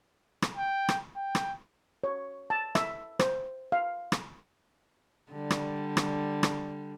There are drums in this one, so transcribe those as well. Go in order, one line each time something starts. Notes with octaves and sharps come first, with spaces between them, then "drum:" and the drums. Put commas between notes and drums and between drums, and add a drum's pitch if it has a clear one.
drum: rim click
G5
drum: rim click
G5
drum: rim click
C#5
A5
E5, drum: rim click
C5, drum: rim click
F5
drum: rim click
D3 G3
drum: rim click
drum: rim click
drum: rim click